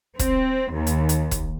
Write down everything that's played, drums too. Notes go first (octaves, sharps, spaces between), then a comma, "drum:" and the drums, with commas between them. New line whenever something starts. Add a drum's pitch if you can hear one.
C4, drum: kick, hi-hat
D#2
drum: hi-hat
drum: hi-hat
drum: kick, hi-hat